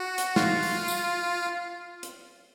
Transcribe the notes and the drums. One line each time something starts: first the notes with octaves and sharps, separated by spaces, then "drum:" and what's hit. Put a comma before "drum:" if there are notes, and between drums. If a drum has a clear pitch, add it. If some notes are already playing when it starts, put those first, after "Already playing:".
Already playing: F#4
drum: hi-hat
F4, drum: snare
drum: open hi-hat
drum: tambourine
drum: hi-hat